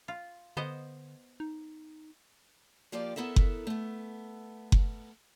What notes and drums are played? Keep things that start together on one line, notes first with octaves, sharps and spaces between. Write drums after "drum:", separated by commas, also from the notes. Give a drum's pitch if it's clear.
F4
D3 B3 C5 D#5
D#4
F3 A#3 F4 G4 D5
B3 E4 A4 A#4 E5
drum: kick F#1
A3 B3
drum: kick F#1